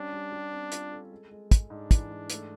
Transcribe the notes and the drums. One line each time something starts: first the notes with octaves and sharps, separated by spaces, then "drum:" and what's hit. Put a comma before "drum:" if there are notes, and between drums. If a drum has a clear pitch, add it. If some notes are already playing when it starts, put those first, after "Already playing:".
Already playing: G3 C#4 D4
G3
G3
C4
F4, drum: hi-hat
A4
G#3
G#3
G#3, drum: kick, hi-hat
G#2 D4
E3, drum: kick, hi-hat
G#2
A3, drum: hi-hat